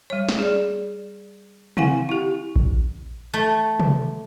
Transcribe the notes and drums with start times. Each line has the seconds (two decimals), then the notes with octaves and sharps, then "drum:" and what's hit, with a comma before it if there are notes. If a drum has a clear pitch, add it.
0.10 G3 C#5
0.29 drum: snare
0.39 G#4 D5
1.77 C4 E4 F5 F#5 G#5, drum: tom
2.09 E4 G4
2.56 drum: kick A1
3.34 A3
3.80 drum: tom